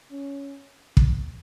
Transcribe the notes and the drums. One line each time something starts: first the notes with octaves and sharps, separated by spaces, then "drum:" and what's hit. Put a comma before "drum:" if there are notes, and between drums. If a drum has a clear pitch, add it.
C#4
drum: kick